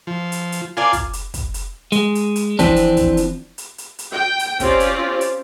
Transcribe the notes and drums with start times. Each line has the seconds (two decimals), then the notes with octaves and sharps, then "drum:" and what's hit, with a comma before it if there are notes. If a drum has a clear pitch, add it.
0.07 F3
0.32 drum: hi-hat
0.52 drum: hi-hat
0.77 D4 F4 A#4 D5 G#5
0.93 drum: kick, hi-hat
1.13 drum: hi-hat
1.34 drum: kick, hi-hat
1.54 drum: hi-hat
1.92 G#3, drum: hi-hat
2.15 drum: hi-hat
2.36 drum: hi-hat
2.59 E3 F3 C4 D4, drum: kick, hi-hat
2.76 drum: hi-hat
2.97 drum: kick, hi-hat
3.17 drum: hi-hat
3.58 drum: hi-hat
3.78 drum: hi-hat
3.99 drum: hi-hat
4.12 G5
4.39 drum: hi-hat
4.60 C4 C#4 F4 G4 D5, drum: kick, hi-hat
4.80 drum: hi-hat
5.21 drum: hi-hat